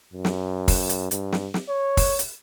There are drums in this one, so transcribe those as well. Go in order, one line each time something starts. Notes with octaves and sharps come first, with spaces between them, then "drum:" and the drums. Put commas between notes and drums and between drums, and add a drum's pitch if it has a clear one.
F#2
drum: snare
drum: kick, open hi-hat
drum: hi-hat
G2, drum: hi-hat
drum: snare
drum: snare
C#5
drum: kick, open hi-hat
drum: hi-hat